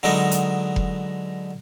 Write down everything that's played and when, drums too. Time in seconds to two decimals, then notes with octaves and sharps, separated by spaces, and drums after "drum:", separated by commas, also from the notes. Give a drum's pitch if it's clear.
0.03 D3 F#3 G#3 B3 D#4 A#4
0.31 drum: hi-hat
0.76 drum: kick F1